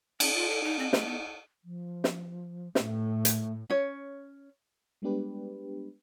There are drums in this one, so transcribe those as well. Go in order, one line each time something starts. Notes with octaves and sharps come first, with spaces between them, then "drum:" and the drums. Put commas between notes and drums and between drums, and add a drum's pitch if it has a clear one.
C#4, drum: cymbal
F4
A4
D#4
C4
A3, drum: snare
B3
F3
drum: snare
A2 A3, drum: snare
drum: hi-hat
C#4 C#5
G3 G#3 B3 D4 G4 B4